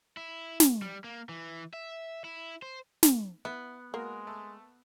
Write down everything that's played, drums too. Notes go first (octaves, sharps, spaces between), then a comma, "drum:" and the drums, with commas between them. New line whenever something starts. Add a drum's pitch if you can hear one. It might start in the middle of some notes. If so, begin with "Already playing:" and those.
E4
drum: snare
G3
A#3
E3
E5
E4
C5
drum: snare
B3 E4
G#3 A#3 F#4 A#4
A3